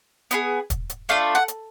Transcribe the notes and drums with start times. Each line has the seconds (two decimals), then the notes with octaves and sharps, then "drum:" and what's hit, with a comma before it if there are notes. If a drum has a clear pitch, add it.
0.31 B3 E4 G#4, drum: hi-hat
0.70 drum: kick, hi-hat
0.90 drum: hi-hat
1.09 A3 D4 F4 F5
1.35 F#5
1.48 drum: hi-hat